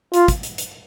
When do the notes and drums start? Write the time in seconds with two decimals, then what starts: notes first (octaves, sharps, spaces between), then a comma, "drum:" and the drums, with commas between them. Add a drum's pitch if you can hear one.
0.14 F4, drum: hi-hat
0.28 drum: kick, hi-hat
0.43 drum: hi-hat
0.58 drum: hi-hat